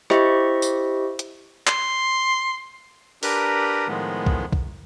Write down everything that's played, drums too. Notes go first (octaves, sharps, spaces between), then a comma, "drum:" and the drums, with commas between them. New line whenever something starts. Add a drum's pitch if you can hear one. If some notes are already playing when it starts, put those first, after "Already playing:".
E4 G4 C5 D#5 E5 C#6, drum: rim click
drum: tambourine
drum: hi-hat
C6, drum: clap
D4 G4 A#4 B4 A#5, drum: open hi-hat
A2 D#3 F3 G#3 B3
drum: kick
drum: kick